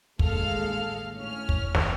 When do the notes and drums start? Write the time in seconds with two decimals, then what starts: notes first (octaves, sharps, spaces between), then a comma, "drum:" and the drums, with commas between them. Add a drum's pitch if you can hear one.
0.19 A1 D#2 G#3 A4 F5 F6, drum: kick
1.16 A2 C#4 F6
1.49 drum: kick
1.75 drum: snare